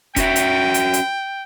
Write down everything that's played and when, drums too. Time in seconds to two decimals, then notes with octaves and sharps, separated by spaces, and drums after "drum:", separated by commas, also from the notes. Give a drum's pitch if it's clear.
0.16 C#4 F#4 E5 G5, drum: kick E1, hi-hat
0.36 drum: hi-hat
0.74 drum: hi-hat
0.93 drum: hi-hat